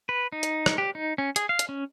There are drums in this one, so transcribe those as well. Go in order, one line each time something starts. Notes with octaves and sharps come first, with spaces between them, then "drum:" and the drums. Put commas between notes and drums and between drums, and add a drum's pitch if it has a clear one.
B4
D#4
drum: hi-hat
drum: rim click
G4
D#4
C#4
G#4, drum: hi-hat
F5
drum: hi-hat
C#4